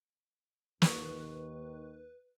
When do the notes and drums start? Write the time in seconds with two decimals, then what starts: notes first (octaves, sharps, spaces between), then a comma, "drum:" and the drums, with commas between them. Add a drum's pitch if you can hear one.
0.82 D#2 D#3 B4 C#6, drum: snare